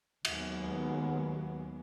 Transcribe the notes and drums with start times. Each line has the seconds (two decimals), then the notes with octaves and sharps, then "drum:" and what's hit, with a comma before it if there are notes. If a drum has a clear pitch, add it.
0.25 D#2 F#3 G#3 B3, drum: cymbal